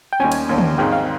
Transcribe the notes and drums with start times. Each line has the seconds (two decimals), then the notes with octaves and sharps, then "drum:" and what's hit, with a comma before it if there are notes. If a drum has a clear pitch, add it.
0.13 G5
0.20 D#2 D#3 G3 C#4 G#5
0.32 drum: cymbal
0.49 D#2 D#3 G3 C#4
0.58 drum: tom
0.78 G#1 G#2 D#3 G#3 G5
0.92 F5